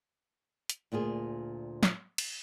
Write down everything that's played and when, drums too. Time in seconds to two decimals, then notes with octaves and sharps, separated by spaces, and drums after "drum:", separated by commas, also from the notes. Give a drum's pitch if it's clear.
0.69 drum: hi-hat
0.92 D2 A#2 F4 G#4
1.83 drum: snare
2.18 drum: cymbal